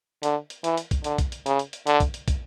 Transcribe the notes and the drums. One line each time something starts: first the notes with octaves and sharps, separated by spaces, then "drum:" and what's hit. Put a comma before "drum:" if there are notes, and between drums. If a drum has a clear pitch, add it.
D3, drum: hi-hat
drum: hi-hat
E3, drum: hi-hat
drum: hi-hat
drum: kick, hi-hat
D3, drum: hi-hat
drum: kick, hi-hat
drum: hi-hat
C#3, drum: hi-hat
drum: hi-hat
drum: hi-hat
D3, drum: hi-hat
drum: kick, hi-hat
drum: hi-hat
drum: kick, hi-hat